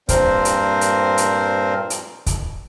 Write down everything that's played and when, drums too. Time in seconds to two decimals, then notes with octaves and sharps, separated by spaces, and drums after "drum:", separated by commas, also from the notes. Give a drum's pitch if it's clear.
0.09 G2 A#2 C4 A#4 C5, drum: kick, hi-hat
0.45 drum: hi-hat
0.81 drum: hi-hat
1.18 drum: hi-hat
1.90 drum: hi-hat
2.26 drum: kick, hi-hat